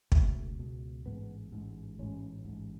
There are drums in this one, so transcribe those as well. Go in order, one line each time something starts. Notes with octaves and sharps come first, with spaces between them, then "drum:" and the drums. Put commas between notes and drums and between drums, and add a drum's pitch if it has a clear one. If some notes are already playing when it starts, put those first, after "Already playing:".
C#2 B2 A3, drum: kick
C#2 B2
A1 G#2 B3
A1 G#2
A1 G#2 C#4
A1 G#2